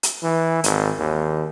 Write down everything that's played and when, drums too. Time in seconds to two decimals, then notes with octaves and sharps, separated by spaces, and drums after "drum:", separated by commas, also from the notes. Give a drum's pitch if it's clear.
0.03 drum: hi-hat
0.23 E3
0.64 G#1, drum: hi-hat
0.99 D#2